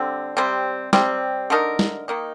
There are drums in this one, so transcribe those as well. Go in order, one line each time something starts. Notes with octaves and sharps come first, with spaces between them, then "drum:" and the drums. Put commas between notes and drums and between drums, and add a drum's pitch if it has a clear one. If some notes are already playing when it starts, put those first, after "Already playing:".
Already playing: D3 G3 C4
C3 G3 C4
C3 G3 C4, drum: snare
D3 A3 D#4 A#4
drum: snare
D#3 A#3 D#4